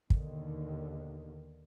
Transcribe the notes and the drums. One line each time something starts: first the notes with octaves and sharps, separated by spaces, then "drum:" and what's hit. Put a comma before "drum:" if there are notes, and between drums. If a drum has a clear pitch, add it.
D#2 B2 D3 D#3, drum: kick